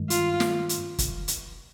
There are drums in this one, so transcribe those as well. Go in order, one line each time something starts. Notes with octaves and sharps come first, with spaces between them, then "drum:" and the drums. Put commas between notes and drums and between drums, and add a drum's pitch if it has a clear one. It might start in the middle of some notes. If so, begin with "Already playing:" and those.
Already playing: G2 D#3 G#3
F4, drum: hi-hat
drum: snare
drum: hi-hat
drum: kick, hi-hat
drum: hi-hat